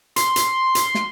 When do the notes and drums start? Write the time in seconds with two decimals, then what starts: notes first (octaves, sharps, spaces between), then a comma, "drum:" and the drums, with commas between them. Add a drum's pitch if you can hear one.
0.16 C6, drum: hi-hat
0.36 drum: hi-hat
0.75 drum: hi-hat
0.95 drum: snare